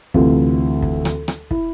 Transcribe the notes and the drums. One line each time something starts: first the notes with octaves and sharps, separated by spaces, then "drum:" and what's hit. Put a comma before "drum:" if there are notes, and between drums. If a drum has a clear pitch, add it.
D2 C3 E3 F4, drum: kick
drum: kick
drum: rim click
drum: rim click
E4, drum: kick